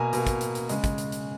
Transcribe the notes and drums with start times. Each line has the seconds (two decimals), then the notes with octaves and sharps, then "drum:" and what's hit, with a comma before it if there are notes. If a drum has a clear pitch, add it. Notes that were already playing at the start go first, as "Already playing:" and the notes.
Already playing: B2 A#3 G#5 A#5
0.13 B2 A#3, drum: hi-hat
0.27 drum: kick, hi-hat
0.41 drum: hi-hat
0.55 drum: hi-hat
0.69 C#3 G#3, drum: hi-hat
0.84 drum: kick, hi-hat
0.98 drum: hi-hat
1.12 drum: hi-hat